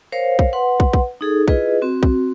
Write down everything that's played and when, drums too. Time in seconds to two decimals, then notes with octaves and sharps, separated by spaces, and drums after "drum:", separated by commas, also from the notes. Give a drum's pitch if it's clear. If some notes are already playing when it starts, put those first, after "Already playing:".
0.12 A#4 C5 C#5 F5
0.39 drum: kick
0.53 B4 F#5 C6
0.80 drum: kick
0.93 drum: kick
1.21 D#4 G#4 A4
1.48 E4 F4 G#4 B4 D#5, drum: kick
1.82 C4 F#4
2.03 drum: kick